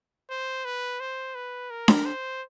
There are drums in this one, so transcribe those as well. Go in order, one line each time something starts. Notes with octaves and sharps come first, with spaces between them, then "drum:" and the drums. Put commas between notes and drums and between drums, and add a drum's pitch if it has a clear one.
C5
B4
C5
B4
A#4
drum: snare D4
C5